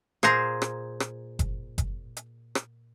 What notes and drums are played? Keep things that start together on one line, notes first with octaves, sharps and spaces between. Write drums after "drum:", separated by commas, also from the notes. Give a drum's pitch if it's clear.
A#2 G#4 A#4 C5 A#5, drum: rim click
drum: rim click
drum: rim click
drum: kick F#1, hi-hat
drum: kick F#1, hi-hat
drum: hi-hat
drum: rim click